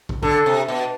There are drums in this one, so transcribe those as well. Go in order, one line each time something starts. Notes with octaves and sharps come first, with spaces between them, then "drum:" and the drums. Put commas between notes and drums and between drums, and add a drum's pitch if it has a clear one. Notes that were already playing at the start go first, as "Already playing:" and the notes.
drum: kick
D3 A4, drum: kick
C3
B2